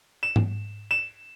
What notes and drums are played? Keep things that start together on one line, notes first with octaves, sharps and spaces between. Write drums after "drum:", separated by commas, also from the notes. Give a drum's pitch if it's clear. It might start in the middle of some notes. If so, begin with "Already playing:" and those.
E7
drum: tom G#2
E7